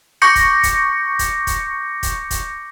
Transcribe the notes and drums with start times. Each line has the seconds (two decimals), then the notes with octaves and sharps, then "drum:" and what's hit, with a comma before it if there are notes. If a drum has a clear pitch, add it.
0.22 C#6 D6 G6 A#6 C#7
0.36 drum: kick, hi-hat
0.63 drum: kick, hi-hat
1.19 drum: kick, hi-hat
1.47 drum: kick, hi-hat
2.03 drum: kick, hi-hat
2.31 drum: kick, hi-hat